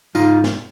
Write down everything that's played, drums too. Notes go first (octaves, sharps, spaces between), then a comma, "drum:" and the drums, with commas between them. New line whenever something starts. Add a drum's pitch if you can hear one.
G#2 D#4 F4, drum: tambourine
drum: snare